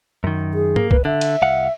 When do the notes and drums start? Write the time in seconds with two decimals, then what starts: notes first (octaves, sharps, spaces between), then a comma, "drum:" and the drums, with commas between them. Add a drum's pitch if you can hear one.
0.24 F#2 D#3
0.54 G#4
0.76 A#3, drum: tom G#2
0.91 B4, drum: kick
1.05 D3 E5
1.21 drum: cymbal
1.42 C2 F5 F#5